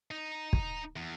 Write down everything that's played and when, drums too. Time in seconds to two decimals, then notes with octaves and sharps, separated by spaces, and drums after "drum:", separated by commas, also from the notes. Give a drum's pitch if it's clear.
0.11 D#4
0.53 drum: kick
0.96 E2